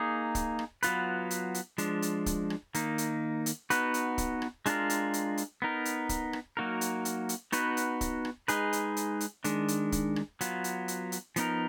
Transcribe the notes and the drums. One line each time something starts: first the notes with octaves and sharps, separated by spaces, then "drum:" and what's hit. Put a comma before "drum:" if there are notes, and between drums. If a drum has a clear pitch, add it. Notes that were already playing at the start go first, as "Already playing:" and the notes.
Already playing: A#3 D#4 G#4
drum: kick C#1, hi-hat
drum: rim click
F#3 B3 F4 B4, drum: hi-hat
drum: hi-hat
drum: hi-hat
F3 G#3 D4, drum: hi-hat
drum: hi-hat
drum: kick C#1, hi-hat
drum: rim click
D#3 A#3 D#4, drum: hi-hat
drum: hi-hat
drum: hi-hat
B3 D#4 F#4 B4, drum: hi-hat
drum: hi-hat
drum: kick C#1, hi-hat
drum: rim click
G#3 D4 F4 A#4, drum: hi-hat
drum: hi-hat
drum: hi-hat
drum: hi-hat
B3 D#4 A#4
drum: hi-hat
drum: kick C#1, hi-hat
drum: rim click
F#3 A#3 D#4 F#4 A#4
drum: hi-hat
drum: hi-hat
drum: hi-hat
B3 D#4 F#4 B4, drum: hi-hat
drum: hi-hat
drum: kick C#1, hi-hat
drum: rim click
G#3 D#4 G#4 B4, drum: hi-hat
drum: hi-hat
drum: hi-hat
drum: hi-hat
D#3 G#3 D4, drum: hi-hat
drum: hi-hat
drum: kick C#1, hi-hat
drum: rim click
F#3 B3 F4, drum: hi-hat
drum: hi-hat
drum: hi-hat
drum: hi-hat
F3 B3 D#4 A#4, drum: hi-hat